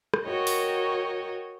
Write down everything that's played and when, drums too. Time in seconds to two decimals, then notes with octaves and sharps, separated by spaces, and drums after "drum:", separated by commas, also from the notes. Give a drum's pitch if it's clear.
0.14 drum: rim click
0.24 F#4 A#4 C#5 D#5 G5
0.47 drum: open hi-hat